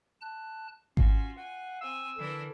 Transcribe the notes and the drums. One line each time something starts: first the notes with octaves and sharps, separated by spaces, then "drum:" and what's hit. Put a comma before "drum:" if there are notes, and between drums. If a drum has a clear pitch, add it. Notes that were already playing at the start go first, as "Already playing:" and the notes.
A5 F#6
C#4 F4 F#4 F5, drum: kick G#1
F#5 G#5
C4 G#5 E6
D3 E3 D4 A#4